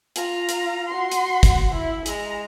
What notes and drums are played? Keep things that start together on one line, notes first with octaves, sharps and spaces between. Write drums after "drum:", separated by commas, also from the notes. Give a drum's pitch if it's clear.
F4 A#5, drum: hi-hat
drum: hi-hat
F#4 C6
drum: hi-hat
drum: kick, hi-hat
E4
G#3 A#5, drum: hi-hat